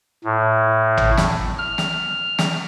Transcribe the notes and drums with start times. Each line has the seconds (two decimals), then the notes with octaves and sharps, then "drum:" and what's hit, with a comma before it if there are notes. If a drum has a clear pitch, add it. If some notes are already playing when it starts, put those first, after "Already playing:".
0.24 A2
0.97 drum: tom
1.18 drum: snare
1.58 F6
1.78 drum: snare
2.39 drum: snare